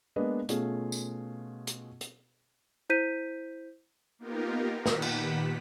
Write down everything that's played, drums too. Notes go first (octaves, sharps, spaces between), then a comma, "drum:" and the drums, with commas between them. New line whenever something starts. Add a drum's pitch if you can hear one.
G#3 A#3 B3 D4 B4 D#5
B2 A3 C#4 F4 G#4, drum: hi-hat
drum: tambourine
drum: hi-hat
drum: hi-hat
E4 C5 G6 B6 D#7
A#3 B3 D#4 F4 G4 A#4
A#2 D#3 G4 B4 F#5 B6, drum: snare
drum: cymbal